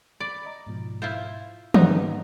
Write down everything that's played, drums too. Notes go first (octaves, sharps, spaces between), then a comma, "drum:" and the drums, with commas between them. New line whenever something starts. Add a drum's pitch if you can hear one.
D5 B5
D#5 A#5
G#2 B2 F3
E4 F4 C5
G#2 B3 D#4 B4 D5, drum: tom